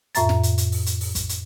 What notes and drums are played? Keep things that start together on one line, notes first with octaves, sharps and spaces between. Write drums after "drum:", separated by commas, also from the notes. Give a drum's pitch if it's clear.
F2 A2 E5 A#5 A6, drum: hi-hat
drum: snare
drum: hi-hat
drum: hi-hat
drum: open hi-hat
drum: hi-hat
drum: open hi-hat
drum: kick, hi-hat
drum: hi-hat